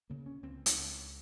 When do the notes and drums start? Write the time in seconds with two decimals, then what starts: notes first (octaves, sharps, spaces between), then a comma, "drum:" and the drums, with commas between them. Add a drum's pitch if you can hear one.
0.10 C#3 A#3
0.26 C#4
0.43 C#2 C4
0.66 drum: hi-hat
0.77 C#2